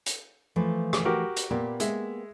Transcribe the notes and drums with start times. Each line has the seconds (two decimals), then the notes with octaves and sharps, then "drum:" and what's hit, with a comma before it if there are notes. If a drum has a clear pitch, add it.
0.06 drum: hi-hat
0.56 E3 F3 A3
0.93 drum: rim click
1.05 F#4 G4 A#4
1.36 drum: hi-hat
1.51 A#2 A#3 B3 G4
1.80 G#3 E5, drum: hi-hat